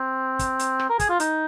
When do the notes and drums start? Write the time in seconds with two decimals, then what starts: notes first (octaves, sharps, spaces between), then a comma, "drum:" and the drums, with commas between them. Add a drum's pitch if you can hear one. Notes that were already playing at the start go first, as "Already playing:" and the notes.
Already playing: C4
0.39 drum: kick, hi-hat
0.59 drum: hi-hat
0.79 drum: rim click
0.89 A#4
0.99 G#4, drum: kick, hi-hat
1.09 F4
1.20 D#4, drum: hi-hat